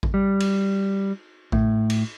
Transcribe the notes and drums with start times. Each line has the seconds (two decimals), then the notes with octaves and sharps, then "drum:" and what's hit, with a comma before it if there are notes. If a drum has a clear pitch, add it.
0.03 drum: kick A1
0.14 G3
0.40 drum: cymbal
1.52 A2, drum: kick A1
1.90 drum: cymbal